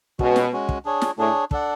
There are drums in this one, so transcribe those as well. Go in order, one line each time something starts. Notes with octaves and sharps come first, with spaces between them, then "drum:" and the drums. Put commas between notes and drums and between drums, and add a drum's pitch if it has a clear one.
B2 G#3 C#4 F#4, drum: kick
drum: snare
G#3 C#4 F#4
drum: kick
D4 G#4 C#5
drum: snare
A2 D4 G#4 C#5
D4 A4 D5 F#5, drum: kick